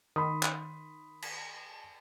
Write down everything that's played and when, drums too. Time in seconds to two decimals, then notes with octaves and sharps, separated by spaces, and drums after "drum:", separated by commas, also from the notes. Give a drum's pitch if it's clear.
0.16 D#3 B5 C6 D#6
0.43 drum: clap
1.22 drum: cymbal